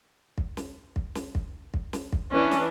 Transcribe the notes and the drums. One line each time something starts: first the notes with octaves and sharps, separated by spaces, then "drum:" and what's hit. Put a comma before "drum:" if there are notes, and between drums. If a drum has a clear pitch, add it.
drum: kick
drum: snare
drum: kick
drum: snare
drum: kick
drum: kick
drum: snare
drum: kick
E3 C#4 D4
drum: snare